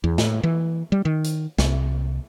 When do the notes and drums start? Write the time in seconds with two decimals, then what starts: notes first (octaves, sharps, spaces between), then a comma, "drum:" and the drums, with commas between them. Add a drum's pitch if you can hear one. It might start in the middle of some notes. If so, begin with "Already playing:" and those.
0.04 E2
0.18 A2, drum: snare
0.43 E3
0.92 G3
1.05 D#3
1.24 drum: hi-hat
1.58 C2, drum: snare